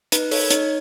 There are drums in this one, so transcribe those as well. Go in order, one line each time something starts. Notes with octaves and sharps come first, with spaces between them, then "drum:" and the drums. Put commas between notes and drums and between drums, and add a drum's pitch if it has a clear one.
D#4 B4, drum: hi-hat
A4 C#5, drum: open hi-hat
D#4 C#5, drum: hi-hat